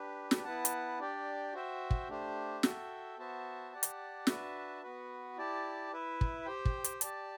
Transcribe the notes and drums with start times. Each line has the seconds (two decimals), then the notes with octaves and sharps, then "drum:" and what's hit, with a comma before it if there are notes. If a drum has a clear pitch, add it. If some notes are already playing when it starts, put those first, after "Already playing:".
Already playing: D4 G4 B4
0.31 drum: snare
0.44 B3 E4 B4 F#5 A5
0.65 drum: hi-hat
0.99 D4 G4 D5 G5
1.53 F#4 C5 E5 G5
1.91 drum: kick
2.09 A3 D4 G4 C5
2.63 F#4 A4 E5 G5, drum: snare
3.18 B3 F#4 C5 E5 A5
3.72 G4 D5 F#5 A5
3.83 drum: hi-hat
4.27 D4 F#4 B4 E5 A5, drum: snare
4.82 B3 F#4 B4
5.37 E4 G4 D5 A5
5.92 E4 B4 E5
6.21 drum: kick
6.46 G4 C5 G5
6.65 drum: kick
6.84 drum: hi-hat
7.01 G4 D5 A5, drum: hi-hat